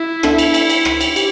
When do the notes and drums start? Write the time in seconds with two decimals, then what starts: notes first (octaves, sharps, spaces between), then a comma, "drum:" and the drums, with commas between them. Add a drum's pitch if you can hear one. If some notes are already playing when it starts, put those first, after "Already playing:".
Already playing: E4
0.23 B3 D4 A4 E5, drum: rim click
0.38 drum: cymbal
0.54 drum: cymbal
0.70 drum: cymbal
0.85 drum: rim click
1.01 drum: cymbal
1.16 G4, drum: cymbal